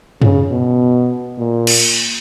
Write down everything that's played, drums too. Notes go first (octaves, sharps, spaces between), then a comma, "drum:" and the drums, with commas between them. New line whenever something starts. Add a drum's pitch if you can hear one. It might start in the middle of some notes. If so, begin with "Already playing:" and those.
C#3, drum: tom F#2
B2
A#2
drum: cymbal